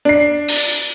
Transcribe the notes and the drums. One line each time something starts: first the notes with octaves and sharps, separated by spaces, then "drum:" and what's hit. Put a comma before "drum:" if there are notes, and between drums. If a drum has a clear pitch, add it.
D4 C7
drum: open hi-hat